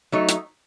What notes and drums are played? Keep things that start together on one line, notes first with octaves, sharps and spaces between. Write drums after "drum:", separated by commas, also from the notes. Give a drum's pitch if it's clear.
F#3 A3 D#4 C#5
drum: hi-hat